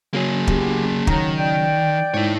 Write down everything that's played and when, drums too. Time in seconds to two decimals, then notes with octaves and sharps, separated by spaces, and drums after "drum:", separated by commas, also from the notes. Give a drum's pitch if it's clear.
0.13 C#3 F#3 A#3 C#4 G#4
0.47 B3 E4 G4, drum: kick
1.07 D#3 C#5 F#5 A#5, drum: kick
1.37 D5 G5
2.14 G#2 E4 C#5